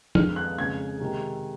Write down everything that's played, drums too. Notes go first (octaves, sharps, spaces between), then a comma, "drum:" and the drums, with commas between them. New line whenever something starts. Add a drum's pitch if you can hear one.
F2 D#3 G#3 F6, drum: tom
F#6
F2 C#3 G#3 G#6
C3 D#3 G#3